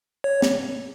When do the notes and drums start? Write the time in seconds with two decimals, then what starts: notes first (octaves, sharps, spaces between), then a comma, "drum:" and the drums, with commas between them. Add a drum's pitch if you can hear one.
0.24 C#5
0.42 drum: snare